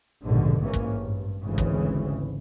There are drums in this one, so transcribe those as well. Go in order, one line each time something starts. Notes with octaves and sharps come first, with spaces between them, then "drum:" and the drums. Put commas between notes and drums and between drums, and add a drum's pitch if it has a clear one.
A#1 D#2 G#2 B2 D3
A1 G#2 E3 A#3 C#4
drum: kick
G2
G#1 D2 C#3 E3
drum: kick